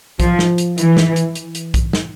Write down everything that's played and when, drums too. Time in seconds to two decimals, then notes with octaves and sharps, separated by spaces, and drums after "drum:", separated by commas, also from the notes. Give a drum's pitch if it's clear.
0.20 F3, drum: kick B1, hi-hat
0.39 drum: snare
0.58 drum: hi-hat
0.78 E3, drum: hi-hat
0.97 drum: snare
1.16 drum: hi-hat
1.35 drum: hi-hat
1.55 drum: hi-hat
1.74 drum: kick B1, hi-hat
1.93 drum: snare